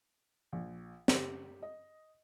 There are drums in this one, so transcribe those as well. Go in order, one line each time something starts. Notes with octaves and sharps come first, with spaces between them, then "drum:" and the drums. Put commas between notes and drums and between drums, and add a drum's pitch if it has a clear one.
A#1
G4, drum: snare
D#5